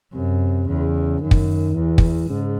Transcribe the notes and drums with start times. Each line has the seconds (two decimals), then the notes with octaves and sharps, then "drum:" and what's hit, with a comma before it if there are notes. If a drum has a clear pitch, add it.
0.14 F#2 C3
0.68 E2 C#3
1.22 F#2 D#3
1.31 drum: kick
1.75 E2 E3
1.98 drum: kick
2.29 G#2 C#3